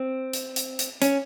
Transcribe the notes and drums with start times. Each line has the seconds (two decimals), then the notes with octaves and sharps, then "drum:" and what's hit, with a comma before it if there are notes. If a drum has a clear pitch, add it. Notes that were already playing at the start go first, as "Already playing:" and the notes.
Already playing: C4
0.33 drum: hi-hat
0.56 drum: hi-hat
0.79 drum: hi-hat
1.02 C#4, drum: hi-hat